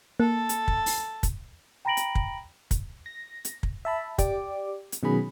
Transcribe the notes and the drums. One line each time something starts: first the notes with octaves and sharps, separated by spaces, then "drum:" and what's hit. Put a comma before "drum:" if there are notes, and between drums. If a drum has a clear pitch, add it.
A#3 A4
drum: hi-hat
drum: kick
drum: open hi-hat
drum: kick, hi-hat
G5 A#5 B5 A#6 D7 F#7
drum: hi-hat
drum: kick
drum: kick, hi-hat
A#6
drum: hi-hat
drum: kick
E5 A5 B5
G4 D5 D6, drum: kick, hi-hat
drum: hi-hat
B2 D#3 F#3 C#4 G#4 B5